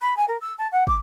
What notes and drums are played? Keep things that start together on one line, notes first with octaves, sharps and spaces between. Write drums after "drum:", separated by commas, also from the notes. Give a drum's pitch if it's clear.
B5
G#5
A#4
E6
A5
F#5
D6, drum: kick